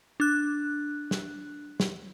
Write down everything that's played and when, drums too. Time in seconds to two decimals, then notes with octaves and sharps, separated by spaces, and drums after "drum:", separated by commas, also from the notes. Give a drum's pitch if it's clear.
0.20 D4 F#6
1.11 drum: snare
1.80 drum: snare